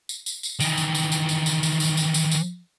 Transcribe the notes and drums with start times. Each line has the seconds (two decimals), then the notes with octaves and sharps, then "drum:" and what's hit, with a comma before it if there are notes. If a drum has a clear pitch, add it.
0.09 drum: tambourine
0.26 drum: tambourine
0.43 drum: tambourine
0.60 D#3 E3, drum: tambourine
0.78 drum: tambourine
0.95 drum: tambourine
1.12 drum: tambourine
1.29 drum: tambourine
1.46 drum: tambourine
1.63 drum: tambourine
1.80 drum: tambourine
1.97 drum: tambourine
2.14 drum: tambourine
2.31 drum: tambourine